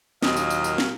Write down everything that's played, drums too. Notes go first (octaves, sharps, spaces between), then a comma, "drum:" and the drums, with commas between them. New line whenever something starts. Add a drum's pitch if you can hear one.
D#2 A#2 F#3 D#5 F5, drum: snare
drum: tambourine
drum: tambourine
drum: tambourine
drum: snare